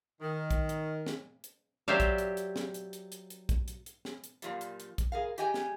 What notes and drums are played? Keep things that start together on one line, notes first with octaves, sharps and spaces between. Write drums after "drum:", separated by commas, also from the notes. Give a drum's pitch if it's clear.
D#3
drum: kick A#1, hi-hat
drum: hi-hat
drum: snare
drum: hi-hat
F#3 G4 C5 D5 E5 F5
drum: kick A#1, hi-hat
drum: hi-hat
drum: hi-hat
drum: snare
drum: hi-hat
drum: hi-hat
drum: hi-hat
drum: hi-hat
drum: kick A#1, hi-hat
drum: hi-hat
drum: hi-hat
drum: snare
drum: hi-hat
F#2 A#2 F3 G3, drum: hi-hat
drum: hi-hat
drum: hi-hat
drum: kick A#1, hi-hat
G#4 A#4 F5
G4 G#4 D#5 G5 G#5, drum: hi-hat
drum: snare